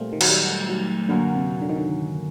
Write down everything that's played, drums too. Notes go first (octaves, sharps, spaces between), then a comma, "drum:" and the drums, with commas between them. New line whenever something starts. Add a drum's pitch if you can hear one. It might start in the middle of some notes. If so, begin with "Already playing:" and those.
Already playing: A#2 G3 A3 C4
D#3
F#3, drum: cymbal
G3
F#3
F#2 D3 F#3 A#3
C3
D3
D#3
D3